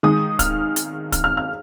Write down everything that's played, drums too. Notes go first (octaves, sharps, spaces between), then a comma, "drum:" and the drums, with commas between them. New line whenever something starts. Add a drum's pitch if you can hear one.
D#3 G#3 D#6
F6, drum: kick, hi-hat
drum: hi-hat
F6, drum: kick, hi-hat
F6
F6